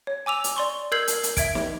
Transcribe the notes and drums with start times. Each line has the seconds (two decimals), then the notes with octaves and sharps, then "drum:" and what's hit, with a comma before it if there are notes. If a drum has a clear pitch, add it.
0.07 C#5
0.26 G#5 D6 E6 F7
0.44 drum: hi-hat
0.56 D5 C6 C#6
0.92 A#4 E6 G6 G#6 C7 F#7
1.08 drum: hi-hat
1.23 drum: hi-hat
1.37 E5 G#6 D7, drum: kick, hi-hat
1.55 drum: snare